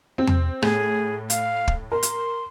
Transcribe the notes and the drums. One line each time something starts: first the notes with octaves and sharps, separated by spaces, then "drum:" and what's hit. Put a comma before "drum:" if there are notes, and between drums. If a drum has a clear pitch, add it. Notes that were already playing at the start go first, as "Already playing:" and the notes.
C4
drum: tom E2
A2 G#4, drum: rim click
F5, drum: hi-hat
drum: kick
A#4 C6
drum: hi-hat